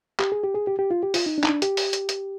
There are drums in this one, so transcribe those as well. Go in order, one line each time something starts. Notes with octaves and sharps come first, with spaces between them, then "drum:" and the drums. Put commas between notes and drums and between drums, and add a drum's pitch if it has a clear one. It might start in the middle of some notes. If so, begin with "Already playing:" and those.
G4, drum: clap
G#4
G4
G#4
G4
G4
F4
G4
F4, drum: open hi-hat
D#4
D4
D#4, drum: clap
D4
G4, drum: hi-hat
drum: open hi-hat
drum: hi-hat
drum: hi-hat